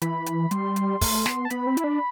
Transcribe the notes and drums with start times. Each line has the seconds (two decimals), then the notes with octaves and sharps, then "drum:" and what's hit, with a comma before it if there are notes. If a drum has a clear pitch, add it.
0.02 E3 B5, drum: hi-hat
0.26 drum: hi-hat
0.51 G3 C6, drum: hi-hat
0.76 drum: hi-hat
1.01 A3, drum: kick, open hi-hat
1.26 B3, drum: snare
1.45 A5
1.50 B3 B5, drum: hi-hat
1.67 C4
1.77 E4, drum: hi-hat
1.84 D4